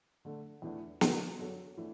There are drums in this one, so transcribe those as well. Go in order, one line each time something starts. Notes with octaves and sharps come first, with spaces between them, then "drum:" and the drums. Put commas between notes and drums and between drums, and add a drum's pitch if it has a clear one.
D3 A3 D4 A4
E2 E3 A3 D4
D3 A3 F#4 A4, drum: snare
F#2 F#3 D4 F#4 A4
E3 A3 D4